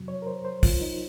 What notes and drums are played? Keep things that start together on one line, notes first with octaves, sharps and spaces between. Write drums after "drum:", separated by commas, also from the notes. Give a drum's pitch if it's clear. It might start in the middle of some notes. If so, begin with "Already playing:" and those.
Already playing: F2 C3 F#3
C#5
A#4
C5
C5
F4, drum: kick, open hi-hat
D#4